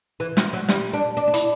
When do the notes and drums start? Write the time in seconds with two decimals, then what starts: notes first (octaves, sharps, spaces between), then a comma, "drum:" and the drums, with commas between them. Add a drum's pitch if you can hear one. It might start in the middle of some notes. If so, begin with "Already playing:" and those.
0.20 E3
0.37 F#3, drum: snare
0.53 F#3
0.69 G3, drum: snare
0.93 D4
1.17 D4
1.28 D4
1.34 E4, drum: hi-hat